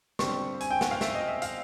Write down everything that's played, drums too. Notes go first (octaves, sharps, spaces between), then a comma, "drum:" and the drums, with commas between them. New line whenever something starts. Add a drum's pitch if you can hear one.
D3 G3 C4 C#6, drum: snare
G#5, drum: hi-hat
G5
F#5, drum: snare
F5
E5, drum: snare
D#5
E5
F5, drum: hi-hat